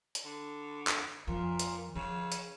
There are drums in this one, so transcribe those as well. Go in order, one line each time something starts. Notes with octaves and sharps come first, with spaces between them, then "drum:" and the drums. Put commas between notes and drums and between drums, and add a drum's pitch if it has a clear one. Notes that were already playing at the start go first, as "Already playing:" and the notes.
drum: hi-hat
D3
drum: clap
F2 A#2 F3
drum: hi-hat
C#3 F3
drum: hi-hat